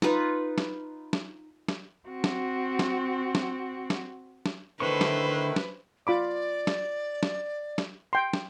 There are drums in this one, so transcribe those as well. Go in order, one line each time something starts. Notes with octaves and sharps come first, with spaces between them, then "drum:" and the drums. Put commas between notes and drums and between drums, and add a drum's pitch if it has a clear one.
D#4 F4 B4, drum: snare
drum: snare
drum: snare
drum: snare
C4 F#4
drum: snare
drum: snare
drum: snare
drum: snare
drum: snare
D3 D#3 A3 E4 B4 C5 C#6
drum: snare
drum: snare
F4 D5 B5 D6
drum: snare
drum: snare
drum: snare
G5 C6
drum: snare